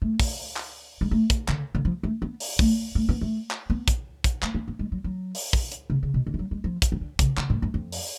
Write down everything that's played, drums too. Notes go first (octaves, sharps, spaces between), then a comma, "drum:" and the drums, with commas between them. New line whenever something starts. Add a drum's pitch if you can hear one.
A3
drum: kick, open hi-hat
drum: clap
G#3
A3
drum: kick, hi-hat
D3, drum: clap
D3
F3
A3
B3
drum: open hi-hat
A3, drum: kick
A3
B3
A3
drum: clap
B3
drum: kick, hi-hat
drum: kick, hi-hat
A3, drum: clap
B3
B3
G#3
F#3
F#3
drum: open hi-hat
drum: kick
drum: hi-hat
C#3
C#3
B2
D3
G#3
F#3
G#3
F3
drum: kick, hi-hat
F3
D3
C#3, drum: kick, hi-hat
C#3, drum: clap
A2
F#2
F2
drum: open hi-hat